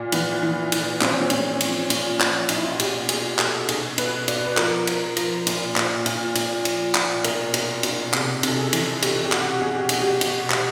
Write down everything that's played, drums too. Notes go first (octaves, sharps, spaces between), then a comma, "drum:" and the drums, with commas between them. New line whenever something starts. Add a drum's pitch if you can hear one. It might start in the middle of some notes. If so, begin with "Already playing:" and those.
Already playing: A#2
E3 B3, drum: cymbal
E3
E3, drum: cymbal
A#2 C4, drum: clap
C#4
C4
A#2 C#4, drum: cymbal
C4
F3, drum: cymbal
A#2 C#4, drum: cymbal
F3, drum: clap
A#2 D#4, drum: cymbal
E4
F4
F#4
B2 G4, drum: cymbal
B2 G#4, drum: cymbal
B2 A4, drum: clap
B2 G#4, drum: cymbal
B2 B4, drum: cymbal
B2 D5, drum: cymbal
B4
F3 A#4, drum: clap
F3, drum: cymbal
F3, drum: cymbal
A#2, drum: cymbal
A#2, drum: clap
A#2, drum: cymbal
A#2, drum: cymbal
F3, drum: cymbal
A#2, drum: clap
B2 A#4, drum: cymbal
B2, drum: cymbal
B2, drum: cymbal
C3 G#4, drum: clap
C3 A4, drum: cymbal
G#4
E3, drum: cymbal
B2 G4, drum: cymbal
G4
B2 F#4, drum: clap
B2 G#4
G4
B2 F#4, drum: cymbal
G4
B2, drum: cymbal
B2, drum: clap